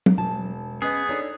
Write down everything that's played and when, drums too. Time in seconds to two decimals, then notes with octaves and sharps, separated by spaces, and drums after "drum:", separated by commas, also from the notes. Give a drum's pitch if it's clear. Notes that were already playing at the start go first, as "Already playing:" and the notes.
0.06 drum: tom
0.18 E1 A5
0.82 B3 C#4 G#4 B4 D#5
1.09 D4 D#4 A4 C#5